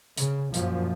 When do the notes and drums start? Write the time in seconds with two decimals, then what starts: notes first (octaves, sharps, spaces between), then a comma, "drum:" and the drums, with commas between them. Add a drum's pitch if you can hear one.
0.18 C#3, drum: hi-hat
0.54 F#2 A#2 F3, drum: hi-hat